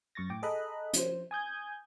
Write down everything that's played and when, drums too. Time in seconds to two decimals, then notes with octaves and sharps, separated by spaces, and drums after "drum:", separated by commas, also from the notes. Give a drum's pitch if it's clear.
0.15 F#2 C#6 A6 A#6
0.29 A2 G5 D6
0.43 G#4 A4 D#5 A#5 B5 F#6
0.93 F3 C5, drum: hi-hat
1.31 G#5 D#6 G6 G#6